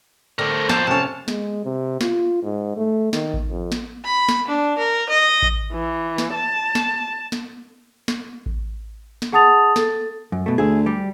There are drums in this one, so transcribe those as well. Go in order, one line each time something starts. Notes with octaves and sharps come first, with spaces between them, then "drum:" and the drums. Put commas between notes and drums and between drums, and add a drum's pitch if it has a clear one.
D3 A3 C4 A#4
F2 F3 A#3 A4 C5 A5, drum: snare
C3 C#4 A5
G#3, drum: snare
C3
F4, drum: snare
G#2
A3
D#3, drum: snare
drum: kick A1
F2
drum: snare
B5
drum: snare
D4
A#4
D#5
drum: kick A1
E3
drum: snare
A5
drum: snare
drum: snare
drum: snare
drum: kick A1
drum: snare
G#4 F#5 A5 D#6 A6 F7
A4 A6, drum: snare
F#2
B2 A3
D2 G#4 E5
G3 G4